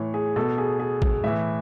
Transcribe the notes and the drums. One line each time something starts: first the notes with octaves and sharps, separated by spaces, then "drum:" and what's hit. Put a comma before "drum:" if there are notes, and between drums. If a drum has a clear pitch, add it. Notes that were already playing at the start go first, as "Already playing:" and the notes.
Already playing: A2 E3 C#5
G#4
B2 A4
G#4
G#4
drum: kick
A2 E3 E5